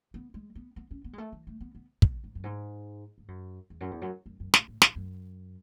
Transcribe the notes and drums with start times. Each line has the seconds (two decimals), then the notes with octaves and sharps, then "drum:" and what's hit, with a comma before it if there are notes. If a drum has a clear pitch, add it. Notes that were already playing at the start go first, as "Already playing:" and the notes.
0.14 B3
0.34 G#3
0.55 B3
0.76 B3
0.91 C#4
1.04 B3
1.13 G#3
1.18 A3
1.32 E3
1.47 A3
1.60 B3
1.75 B3
2.02 B2, drum: kick
2.24 G#2
2.35 F#2
2.44 G#2
3.18 G#2
3.28 F#2
3.70 E2
3.81 F#2
3.91 E2
4.02 F#2
4.26 F#2
4.40 F#2
4.54 A2, drum: snare
4.68 A2
4.82 G#2, drum: snare
4.96 F#2